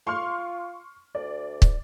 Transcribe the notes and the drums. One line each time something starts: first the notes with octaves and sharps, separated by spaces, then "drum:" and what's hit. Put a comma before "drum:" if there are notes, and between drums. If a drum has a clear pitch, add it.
F4 C6 C#6 F6
D2 D5
drum: kick